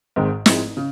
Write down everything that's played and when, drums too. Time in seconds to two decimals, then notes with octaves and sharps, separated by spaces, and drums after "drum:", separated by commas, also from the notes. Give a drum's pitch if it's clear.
0.16 G#1 G#2 D#3 G#3 C4
0.46 G#2 F3 G#3 C4 E4, drum: snare
0.77 C#3